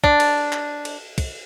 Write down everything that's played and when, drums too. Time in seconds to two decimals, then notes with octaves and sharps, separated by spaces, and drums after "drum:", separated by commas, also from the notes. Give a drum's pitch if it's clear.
0.04 D4, drum: kick
0.20 drum: cymbal
0.53 drum: clap
0.85 drum: cymbal
1.18 drum: kick, cymbal